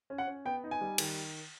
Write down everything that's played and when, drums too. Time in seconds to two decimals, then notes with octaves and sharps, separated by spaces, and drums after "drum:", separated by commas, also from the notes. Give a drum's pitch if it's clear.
0.10 C#4
0.18 F#5
0.27 C#4
0.45 B3 G5
0.64 D#4
0.71 G#5
0.81 G3
0.98 D#3, drum: cymbal